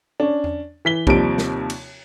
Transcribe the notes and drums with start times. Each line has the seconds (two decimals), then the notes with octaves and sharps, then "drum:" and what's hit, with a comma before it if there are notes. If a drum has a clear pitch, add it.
0.20 C#4 D4
0.44 drum: tom E2
0.85 E3 B6 G7
1.07 D#2 C3 F3 G3 D7, drum: kick
1.38 drum: snare
1.70 drum: cymbal